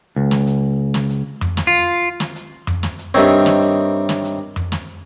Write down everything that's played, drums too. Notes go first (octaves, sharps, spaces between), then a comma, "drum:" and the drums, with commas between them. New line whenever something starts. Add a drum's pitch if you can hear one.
C#2
drum: snare
drum: hi-hat
drum: snare
drum: hi-hat
drum: tom F2
drum: snare
F4
drum: snare
drum: hi-hat
drum: tom F2
drum: snare
drum: hi-hat
G2 D#3 C4 C#5 D#5 E5
drum: snare
drum: hi-hat
drum: snare
drum: hi-hat
drum: tom F2
drum: snare